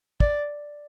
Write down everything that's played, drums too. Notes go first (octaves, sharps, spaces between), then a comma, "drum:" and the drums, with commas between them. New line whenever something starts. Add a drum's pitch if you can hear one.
D5, drum: kick